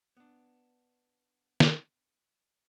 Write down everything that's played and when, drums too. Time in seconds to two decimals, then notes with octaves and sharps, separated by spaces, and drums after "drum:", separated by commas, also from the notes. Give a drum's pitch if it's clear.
0.17 B3 D4
1.60 drum: snare